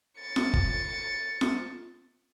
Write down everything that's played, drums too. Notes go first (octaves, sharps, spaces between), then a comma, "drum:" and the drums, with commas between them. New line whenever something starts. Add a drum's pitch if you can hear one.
A6 C#7
drum: snare F4
drum: kick G1
drum: snare F4